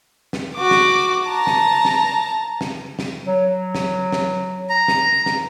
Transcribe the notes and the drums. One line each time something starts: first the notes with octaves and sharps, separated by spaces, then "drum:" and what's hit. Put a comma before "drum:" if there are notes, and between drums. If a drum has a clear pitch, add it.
drum: snare
F#4 D6
drum: snare
A5 A#5
drum: snare
drum: snare
drum: snare
drum: snare
F#3
drum: snare
drum: snare
A#5
drum: snare
drum: snare